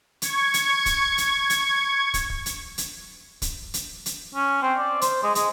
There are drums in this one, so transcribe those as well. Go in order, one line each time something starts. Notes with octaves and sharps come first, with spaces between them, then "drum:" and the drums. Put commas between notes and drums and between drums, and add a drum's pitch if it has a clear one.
C#6 G#6, drum: hi-hat
drum: hi-hat
drum: kick, hi-hat
drum: hi-hat
drum: hi-hat
drum: kick, hi-hat
drum: kick
drum: hi-hat
drum: hi-hat
drum: kick, hi-hat
drum: hi-hat
drum: hi-hat
C#4
C4
D5
C5, drum: hi-hat
G#3
G#3, drum: hi-hat